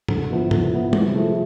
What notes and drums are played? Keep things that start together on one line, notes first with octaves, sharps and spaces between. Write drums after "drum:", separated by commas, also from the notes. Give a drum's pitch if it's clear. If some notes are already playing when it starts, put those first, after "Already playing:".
D3, drum: tom G#2
F3 B3 E4
D3, drum: tom G#2
F3 B3 E4
C3, drum: tom
F3 A3 E4 G#4